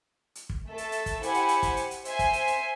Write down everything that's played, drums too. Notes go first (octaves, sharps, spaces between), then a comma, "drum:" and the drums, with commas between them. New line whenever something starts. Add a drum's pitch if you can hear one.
drum: hi-hat
drum: kick
A3 A4 E5
drum: hi-hat
drum: hi-hat
drum: kick, hi-hat
E4 G4 C5 F#5 G#5 C#7, drum: hi-hat
drum: hi-hat
drum: hi-hat
drum: kick, hi-hat
drum: hi-hat
drum: hi-hat
C5 E5 G#5 C6, drum: hi-hat
drum: kick, hi-hat
drum: hi-hat
drum: hi-hat